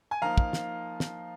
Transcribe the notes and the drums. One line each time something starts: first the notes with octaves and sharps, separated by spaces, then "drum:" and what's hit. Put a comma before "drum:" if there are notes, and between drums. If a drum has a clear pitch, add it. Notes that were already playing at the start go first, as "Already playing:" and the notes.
G#5
F3 A#3 D#4 F5 A#5
drum: kick
drum: snare
drum: snare